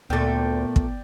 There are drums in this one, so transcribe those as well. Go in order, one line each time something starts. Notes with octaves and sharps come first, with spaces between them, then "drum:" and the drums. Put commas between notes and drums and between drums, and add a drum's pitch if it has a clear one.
D2 A#2 A3 B3 D5 G5
drum: kick